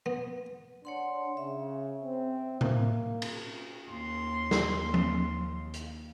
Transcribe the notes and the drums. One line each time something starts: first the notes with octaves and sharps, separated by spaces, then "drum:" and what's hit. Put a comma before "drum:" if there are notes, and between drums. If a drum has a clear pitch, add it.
B3
D4 C#5 F#5 C6
C#3 E5
C4
A#3, drum: tom A2
drum: cymbal
D#2 C6
drum: snare
drum: tom F3
drum: hi-hat